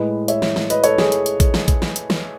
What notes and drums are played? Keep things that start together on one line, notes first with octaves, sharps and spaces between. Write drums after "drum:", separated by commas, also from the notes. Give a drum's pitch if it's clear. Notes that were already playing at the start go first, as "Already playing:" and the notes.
Already playing: A2 G#3 B4 D#5
C#5 E5, drum: hi-hat
drum: snare
drum: snare
B4 D#5, drum: hi-hat
A4 C#5, drum: hi-hat
G#4, drum: snare
drum: hi-hat
drum: hi-hat
drum: kick A1, hi-hat
drum: snare
drum: kick A1, hi-hat
drum: snare
drum: hi-hat
drum: snare